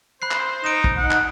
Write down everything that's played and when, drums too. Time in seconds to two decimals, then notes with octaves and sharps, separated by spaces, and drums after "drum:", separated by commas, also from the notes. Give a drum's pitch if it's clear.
0.22 C5 B5 F#6 C7
0.31 drum: clap
0.64 D#4 D7 E7
0.84 drum: kick
0.98 D#4 F#5
1.11 drum: clap